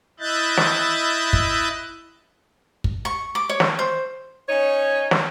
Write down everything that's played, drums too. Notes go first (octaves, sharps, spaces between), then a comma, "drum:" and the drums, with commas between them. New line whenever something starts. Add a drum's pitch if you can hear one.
E4 D#5 E5 F#6 G6 A6
drum: snare
drum: kick
drum: kick
C#6
D6
C#5
drum: snare
C5
C#4 D#4 C#5
drum: snare